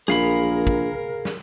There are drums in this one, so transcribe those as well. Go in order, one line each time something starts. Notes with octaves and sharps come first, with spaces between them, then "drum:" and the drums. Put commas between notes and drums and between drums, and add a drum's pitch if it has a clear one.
A#1 G#4 A#4 F5 B5, drum: snare
drum: kick
drum: snare